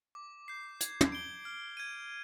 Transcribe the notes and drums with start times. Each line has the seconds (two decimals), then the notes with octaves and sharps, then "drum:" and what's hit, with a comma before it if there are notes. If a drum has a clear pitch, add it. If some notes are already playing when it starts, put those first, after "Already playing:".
0.15 D6
0.48 G6 C7
0.80 G#6, drum: hi-hat
1.01 drum: tom
1.12 D7 G7
1.45 F6
1.77 G#6 D#7